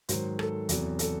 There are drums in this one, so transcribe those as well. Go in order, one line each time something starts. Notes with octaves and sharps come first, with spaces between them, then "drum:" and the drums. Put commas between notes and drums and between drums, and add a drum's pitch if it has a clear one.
G#2 D#3 F#3 C5, drum: hi-hat
A4, drum: rim click
E2 C3 F#3, drum: hi-hat
A4, drum: hi-hat